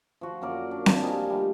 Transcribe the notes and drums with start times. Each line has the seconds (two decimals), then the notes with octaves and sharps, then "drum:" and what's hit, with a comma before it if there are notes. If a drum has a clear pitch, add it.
0.21 F3 F#4
0.41 F#2 A#3 A#4 D5
0.71 D4
0.86 drum: snare C4
1.01 F3 G3 D#4 G#5
1.30 G3 A3 D4